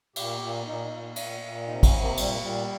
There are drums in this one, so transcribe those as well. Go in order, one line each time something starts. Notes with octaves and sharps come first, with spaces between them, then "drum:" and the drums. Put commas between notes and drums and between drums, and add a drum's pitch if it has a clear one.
A#2 G4, drum: cymbal
A#2
A#2 D#4
A#2
A#2, drum: cymbal
A#2
C3 D#4
D#4
C#4, drum: kick, cymbal
C3
A#3
A#2 G3, drum: cymbal
A#2 G3